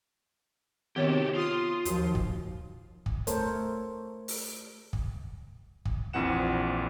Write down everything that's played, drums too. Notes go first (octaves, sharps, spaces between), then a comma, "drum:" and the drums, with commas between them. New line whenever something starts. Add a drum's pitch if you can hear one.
C3 D#3 B3 F#4 G4 C#5
F4 C6 D#6
D#2 F3 F#4, drum: hi-hat
drum: kick
drum: kick
A3 A4 A#4 C5 C#5, drum: hi-hat
drum: open hi-hat
drum: kick
drum: kick
A#1 F2 E3 F#5 E7